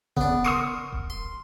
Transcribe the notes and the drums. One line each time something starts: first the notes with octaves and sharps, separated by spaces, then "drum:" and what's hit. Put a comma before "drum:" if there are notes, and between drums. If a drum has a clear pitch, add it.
C#3 B3 D4, drum: kick D#1
A#4 C6 C#6 D#6
drum: kick D#1
C6